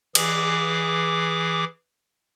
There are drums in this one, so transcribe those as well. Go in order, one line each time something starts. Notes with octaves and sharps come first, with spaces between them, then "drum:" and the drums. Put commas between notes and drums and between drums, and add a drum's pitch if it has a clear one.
E3 G#4 D6, drum: cymbal